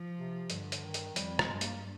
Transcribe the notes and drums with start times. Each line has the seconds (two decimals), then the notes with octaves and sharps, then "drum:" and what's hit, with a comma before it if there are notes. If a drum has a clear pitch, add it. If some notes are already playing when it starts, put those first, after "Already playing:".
Already playing: F3
0.17 C3
0.50 G2 D3, drum: hi-hat
0.72 drum: hi-hat
0.83 D#3
0.94 drum: hi-hat
1.16 F2 G3, drum: hi-hat
1.39 G#3, drum: rim click
1.50 G2
1.61 A#3, drum: hi-hat